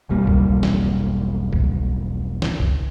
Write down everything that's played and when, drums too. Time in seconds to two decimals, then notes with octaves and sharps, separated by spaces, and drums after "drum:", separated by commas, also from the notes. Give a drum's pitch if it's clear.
0.09 E1 B1 G3 A#3
0.27 drum: kick B1
0.63 drum: snare
1.53 drum: kick B1
2.42 drum: snare
2.60 drum: kick B1